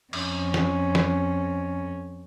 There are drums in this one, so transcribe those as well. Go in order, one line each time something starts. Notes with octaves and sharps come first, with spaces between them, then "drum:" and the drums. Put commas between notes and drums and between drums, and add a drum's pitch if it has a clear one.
F2 C#4, drum: cymbal
drum: snare
drum: snare